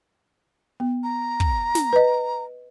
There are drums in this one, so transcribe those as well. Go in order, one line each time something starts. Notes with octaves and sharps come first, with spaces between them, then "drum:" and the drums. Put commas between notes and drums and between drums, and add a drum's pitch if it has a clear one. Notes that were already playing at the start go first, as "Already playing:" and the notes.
B3
A#5
drum: kick
drum: snare
B4 D#5